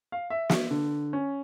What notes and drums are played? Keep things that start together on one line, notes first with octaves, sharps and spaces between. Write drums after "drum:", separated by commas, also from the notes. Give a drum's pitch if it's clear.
F5
E5
drum: snare
D3
C#4